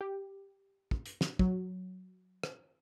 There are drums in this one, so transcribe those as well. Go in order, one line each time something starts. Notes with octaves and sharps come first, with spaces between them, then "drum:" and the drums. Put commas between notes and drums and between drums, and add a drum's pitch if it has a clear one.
G4
drum: kick
drum: hi-hat
drum: snare
F#3, drum: kick
drum: rim click